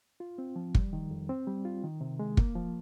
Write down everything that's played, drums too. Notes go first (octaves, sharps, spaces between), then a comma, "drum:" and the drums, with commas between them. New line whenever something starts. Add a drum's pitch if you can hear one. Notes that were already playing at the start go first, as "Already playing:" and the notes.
F4
C4
F3
G3, drum: kick
D#3
F2
C4
G3
F4
D#3
C3
G#3
A#3, drum: kick
F3